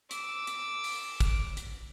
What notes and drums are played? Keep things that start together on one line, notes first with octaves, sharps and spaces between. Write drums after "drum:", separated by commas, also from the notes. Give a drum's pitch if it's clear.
D6 E6, drum: hi-hat
drum: hi-hat
drum: open hi-hat
drum: kick, hi-hat
drum: hi-hat